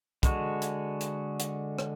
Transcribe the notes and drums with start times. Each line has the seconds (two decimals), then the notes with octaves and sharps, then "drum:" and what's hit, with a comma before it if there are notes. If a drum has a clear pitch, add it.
0.23 D3 G#3 F#4, drum: kick, hi-hat
0.62 drum: hi-hat
1.01 drum: hi-hat
1.40 drum: hi-hat
1.79 drum: rim click